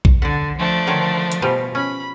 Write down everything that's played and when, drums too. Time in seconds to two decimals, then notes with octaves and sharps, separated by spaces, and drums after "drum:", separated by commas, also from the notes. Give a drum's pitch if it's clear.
0.05 drum: kick A#1
0.22 D3 D5 F#5
0.57 F3 A3 D4
0.87 D3 D#3 C#5
1.32 drum: hi-hat
1.42 B2 E3 F3 G3
1.75 C#4 B5